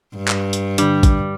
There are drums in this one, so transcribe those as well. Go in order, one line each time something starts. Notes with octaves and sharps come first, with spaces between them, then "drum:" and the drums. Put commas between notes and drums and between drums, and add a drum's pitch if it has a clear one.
G2
drum: clap
drum: hi-hat
D3 G3 D4, drum: hi-hat
drum: kick, hi-hat